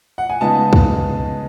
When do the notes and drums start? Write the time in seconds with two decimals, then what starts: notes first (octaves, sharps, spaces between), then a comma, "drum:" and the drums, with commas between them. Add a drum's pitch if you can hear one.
0.18 F#5
0.30 G#5
0.41 C#3 G#3 B3 D#4 A5
0.73 drum: kick